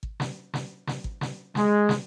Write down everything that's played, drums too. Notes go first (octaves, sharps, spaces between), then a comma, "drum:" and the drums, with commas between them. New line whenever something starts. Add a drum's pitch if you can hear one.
drum: kick
drum: snare
drum: snare
drum: snare
drum: kick
drum: snare
G#3, drum: snare
drum: snare